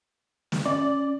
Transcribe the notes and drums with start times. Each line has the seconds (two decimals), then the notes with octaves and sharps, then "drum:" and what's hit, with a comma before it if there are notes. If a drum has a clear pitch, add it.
0.52 drum: snare
0.65 C#4 D5